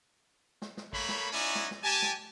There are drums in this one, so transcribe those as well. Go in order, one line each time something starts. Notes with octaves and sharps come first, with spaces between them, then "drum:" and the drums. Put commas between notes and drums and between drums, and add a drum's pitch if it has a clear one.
drum: snare
drum: snare
A3 A#3 C#5 B5, drum: kick
drum: snare
C#4 D#4 E4 F#4 D5 G#5
drum: snare
drum: snare
G4 G#5 A5
drum: snare